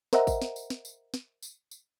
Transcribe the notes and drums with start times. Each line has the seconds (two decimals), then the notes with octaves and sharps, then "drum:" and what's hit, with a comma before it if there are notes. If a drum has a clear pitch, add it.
0.13 A#4 C5 D#5 E5 F#5 A#5, drum: snare
0.27 drum: kick G#1, tambourine
0.42 drum: snare
0.56 drum: tambourine
0.70 drum: snare
0.85 drum: tambourine
1.14 drum: snare
1.43 drum: tambourine
1.71 drum: tambourine